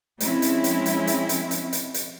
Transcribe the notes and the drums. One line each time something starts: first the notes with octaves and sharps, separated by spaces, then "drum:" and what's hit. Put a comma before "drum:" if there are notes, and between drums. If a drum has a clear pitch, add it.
F3 G#3 C4 C#4 E4, drum: hi-hat
drum: hi-hat
drum: hi-hat
drum: hi-hat
drum: hi-hat
drum: hi-hat
drum: hi-hat
drum: hi-hat
drum: hi-hat